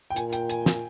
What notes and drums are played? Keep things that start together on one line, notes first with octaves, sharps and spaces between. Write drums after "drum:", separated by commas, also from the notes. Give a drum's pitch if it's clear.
G5
A#2 G#5, drum: hi-hat
G5, drum: hi-hat
G#5, drum: hi-hat
G#5, drum: snare